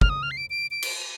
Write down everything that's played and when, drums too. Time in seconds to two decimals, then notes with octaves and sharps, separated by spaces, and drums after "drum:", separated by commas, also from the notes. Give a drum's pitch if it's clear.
0.01 F6, drum: kick
0.09 D#6
0.23 F6
0.31 C7
0.37 D7
0.50 D7
0.71 D7
0.82 drum: cymbal